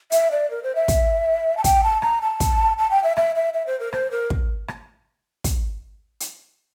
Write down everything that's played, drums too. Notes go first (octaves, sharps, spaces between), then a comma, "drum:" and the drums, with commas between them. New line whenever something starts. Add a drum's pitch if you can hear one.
E5, drum: hi-hat
D5
A#4
C5
E5
drum: kick, hi-hat
A5
G5, drum: kick, hi-hat
A5
A#5, drum: rim click
A5
drum: kick, hi-hat
A5
G5
E5
E5, drum: rim click
E5
E5
C5
A#4
C5, drum: rim click
A#4
drum: kick
drum: rim click
drum: kick, hi-hat
drum: hi-hat